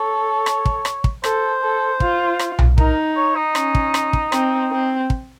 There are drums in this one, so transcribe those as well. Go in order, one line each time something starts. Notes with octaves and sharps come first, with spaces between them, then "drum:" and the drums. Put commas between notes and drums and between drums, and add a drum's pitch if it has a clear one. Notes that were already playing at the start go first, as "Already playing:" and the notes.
Already playing: A4 C#5
drum: rim click
drum: kick
drum: rim click
drum: kick
A4 C5, drum: rim click
A4
F4, drum: kick
drum: rim click
drum: tom B1
D#4 A#4, drum: kick
C#5
D#4
C#4, drum: rim click
drum: kick
drum: rim click
drum: kick
C4, drum: rim click
C4
drum: kick